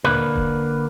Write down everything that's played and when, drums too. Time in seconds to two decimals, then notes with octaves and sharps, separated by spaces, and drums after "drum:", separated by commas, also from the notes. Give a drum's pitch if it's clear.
0.04 D3 A#3 B4, drum: tom A#2
0.36 drum: kick E1